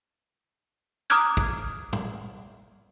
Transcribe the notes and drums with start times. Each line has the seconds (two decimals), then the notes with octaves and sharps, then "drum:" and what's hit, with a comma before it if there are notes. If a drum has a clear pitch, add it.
1.10 A#5 D6 D#6 F6 F#6 G#6
1.37 drum: kick
1.93 drum: tom